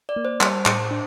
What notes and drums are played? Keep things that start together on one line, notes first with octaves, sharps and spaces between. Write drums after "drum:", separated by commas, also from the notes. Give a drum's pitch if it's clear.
D5
A#3
C5
G3 C5, drum: clap
A2, drum: clap
D4